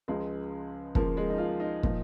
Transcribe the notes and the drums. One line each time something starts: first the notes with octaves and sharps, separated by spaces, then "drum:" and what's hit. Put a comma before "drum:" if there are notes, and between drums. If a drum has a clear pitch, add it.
C#2 C#3 F3 G#3
C#2 C#3 F3 A#3, drum: kick
G#3
D#4
F4
D#4
A#2 F3, drum: kick